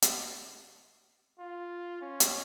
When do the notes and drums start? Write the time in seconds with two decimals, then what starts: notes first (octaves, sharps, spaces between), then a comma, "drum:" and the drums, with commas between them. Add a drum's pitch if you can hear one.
0.02 drum: hi-hat
1.39 F4
2.01 C#4
2.20 drum: hi-hat